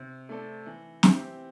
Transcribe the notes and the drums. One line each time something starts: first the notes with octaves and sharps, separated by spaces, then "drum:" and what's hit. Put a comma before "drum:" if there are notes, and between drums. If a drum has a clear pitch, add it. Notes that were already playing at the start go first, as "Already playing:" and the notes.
Already playing: C3
A3 C4 A4 D5
E3
C4 G4 E5, drum: snare